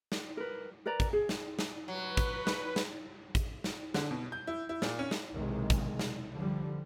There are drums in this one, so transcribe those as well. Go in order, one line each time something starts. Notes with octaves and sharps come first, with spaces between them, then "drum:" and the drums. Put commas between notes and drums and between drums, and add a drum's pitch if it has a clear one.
drum: snare
A#4 B4
A#4 B4 D5 A#5
drum: kick, hi-hat
G#4
drum: snare
drum: snare
F#3 B4
drum: kick, hi-hat
drum: snare
drum: snare
drum: kick, hi-hat
drum: snare
D3, drum: snare
B2
G6
E4
E4
A#2, drum: snare
C#4
drum: snare
B1 E2 C3 D#3 G#3
drum: kick, hi-hat
drum: snare
D3 F3 G3